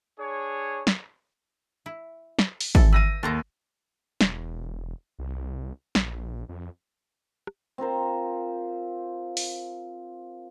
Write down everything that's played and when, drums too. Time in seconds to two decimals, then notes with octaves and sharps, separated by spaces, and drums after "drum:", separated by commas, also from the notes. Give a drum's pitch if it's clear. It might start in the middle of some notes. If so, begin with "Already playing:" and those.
0.18 D4 G#4 C#5
0.87 drum: snare
1.86 E4
2.39 drum: snare
2.61 drum: open hi-hat
2.75 E3 A4, drum: kick
2.92 B4 F5 E6 A#6 D#7
3.23 D#2 A4 C5 A#5
4.21 E1, drum: snare
5.19 C2
5.95 A#1, drum: snare
6.49 F2
7.47 drum: rim click
7.78 C4 F4 A#4 C5
9.37 drum: open hi-hat